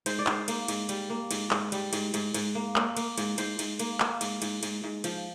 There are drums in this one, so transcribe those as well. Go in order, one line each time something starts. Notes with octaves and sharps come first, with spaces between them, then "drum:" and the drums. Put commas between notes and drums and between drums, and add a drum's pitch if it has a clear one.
G#2 C5, drum: cymbal
D5
G#2 C5, drum: clap
A#3, drum: cymbal
G#2, drum: cymbal
G3, drum: cymbal
A#3
G#2, drum: cymbal
G#2, drum: clap
G3, drum: cymbal
G#2, drum: cymbal
G#2, drum: cymbal
G#2, drum: cymbal
A#3
A#3, drum: clap
A#3, drum: cymbal
G#2, drum: cymbal
G#2 C5, drum: cymbal
G#2, drum: cymbal
A#3, drum: cymbal
A#3, drum: clap
G#2, drum: cymbal
G#2, drum: cymbal
G#2, drum: cymbal
G#2
F3, drum: cymbal